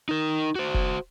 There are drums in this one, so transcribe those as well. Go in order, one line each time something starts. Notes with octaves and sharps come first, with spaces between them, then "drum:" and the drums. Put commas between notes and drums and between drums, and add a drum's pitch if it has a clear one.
D#4 A#4
F#4 C5
drum: kick F1